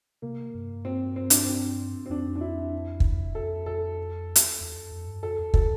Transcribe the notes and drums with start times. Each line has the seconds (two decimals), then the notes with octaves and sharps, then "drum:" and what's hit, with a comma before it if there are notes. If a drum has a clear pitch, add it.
0.22 C3 A#3
0.55 G2
0.85 C4
1.16 C4
1.30 D4, drum: hi-hat
1.45 C4
2.06 C4
2.10 F2 D4
2.35 D4
2.41 E4
3.00 drum: kick
3.35 A4
3.66 A4
4.36 drum: hi-hat
4.61 E2
4.75 F2
4.92 F2
5.07 G2
5.22 F2 A4
5.39 E2
5.54 A4, drum: kick